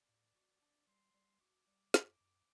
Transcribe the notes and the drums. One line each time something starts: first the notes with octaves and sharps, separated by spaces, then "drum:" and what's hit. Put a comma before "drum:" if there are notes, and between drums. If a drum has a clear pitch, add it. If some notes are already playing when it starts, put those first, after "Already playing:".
Already playing: D5
A2
F#4
D4
G3 C6
G3
F#4 D6
G3
F#2, drum: snare
F#2